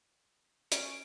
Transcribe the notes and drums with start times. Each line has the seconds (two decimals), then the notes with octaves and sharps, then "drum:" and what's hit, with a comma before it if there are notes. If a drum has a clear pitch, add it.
0.72 C#4 D7, drum: hi-hat